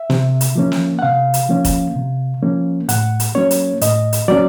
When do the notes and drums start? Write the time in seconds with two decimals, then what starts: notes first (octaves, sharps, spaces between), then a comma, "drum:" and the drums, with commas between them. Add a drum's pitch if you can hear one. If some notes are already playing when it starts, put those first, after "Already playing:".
Already playing: E5
0.10 C3, drum: snare
0.41 drum: hi-hat
0.56 F3 A#3 C#4
0.72 drum: snare
0.99 F#5
1.02 C3 F5
1.34 drum: hi-hat
1.49 F3 A#3 C#4
1.65 drum: kick F1, hi-hat
1.96 C3
2.42 F3 A#3 C#4
2.89 A2 F#5, drum: hi-hat
3.20 drum: hi-hat
3.35 F#3 A#3 C#4 C#5
3.51 drum: hi-hat
3.81 A2 D#5, drum: hi-hat
4.13 drum: hi-hat
4.28 F#3 A#3 C#4 D5